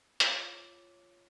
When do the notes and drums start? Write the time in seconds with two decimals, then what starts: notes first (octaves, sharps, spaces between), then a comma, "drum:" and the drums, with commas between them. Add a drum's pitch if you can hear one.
0.20 F4 C#5 D6 A6, drum: hi-hat